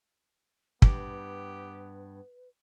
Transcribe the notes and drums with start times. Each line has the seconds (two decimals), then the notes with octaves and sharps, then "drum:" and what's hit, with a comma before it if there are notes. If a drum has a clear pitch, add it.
0.82 G2 B3 G4 B4, drum: kick